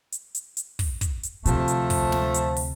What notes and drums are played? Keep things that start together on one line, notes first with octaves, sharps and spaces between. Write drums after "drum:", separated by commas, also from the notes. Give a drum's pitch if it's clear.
drum: hi-hat
drum: hi-hat
drum: hi-hat
drum: kick, open hi-hat
drum: kick, hi-hat
drum: hi-hat
D2 C3 F3 A3, drum: hi-hat
drum: hi-hat
drum: kick, open hi-hat
drum: snare
drum: hi-hat
drum: open hi-hat